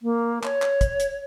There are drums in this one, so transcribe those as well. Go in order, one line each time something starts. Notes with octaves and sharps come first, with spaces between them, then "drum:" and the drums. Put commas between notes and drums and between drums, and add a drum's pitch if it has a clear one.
A#3
C#5, drum: clap
drum: clap
drum: kick, hi-hat
drum: hi-hat